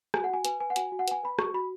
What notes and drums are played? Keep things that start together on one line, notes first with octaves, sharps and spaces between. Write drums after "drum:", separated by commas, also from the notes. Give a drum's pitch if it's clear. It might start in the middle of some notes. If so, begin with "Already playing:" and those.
F#4 G#5, drum: rim click
F#5
F#4 G#5
B4 G#5, drum: hi-hat
B4 G#5
F#5
F#4 G#5, drum: hi-hat
F#4
F#5
B4 G#5, drum: hi-hat
B4 B5
F#4 C#6, drum: rim click
F#4 B5